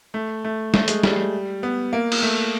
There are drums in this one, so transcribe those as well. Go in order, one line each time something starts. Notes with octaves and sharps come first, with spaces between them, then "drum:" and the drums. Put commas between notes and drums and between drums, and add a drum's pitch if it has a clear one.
A3
A3
A3, drum: snare
G#3, drum: hi-hat
G3, drum: snare
B3
A#3
drum: cymbal
A3